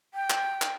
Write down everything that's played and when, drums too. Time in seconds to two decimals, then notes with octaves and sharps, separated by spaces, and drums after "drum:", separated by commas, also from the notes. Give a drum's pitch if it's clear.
0.14 G5
0.30 drum: clap
0.62 drum: clap